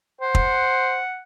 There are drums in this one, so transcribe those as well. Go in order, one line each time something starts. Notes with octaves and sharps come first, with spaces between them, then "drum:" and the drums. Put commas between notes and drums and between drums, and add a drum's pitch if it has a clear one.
C5 F#5
drum: kick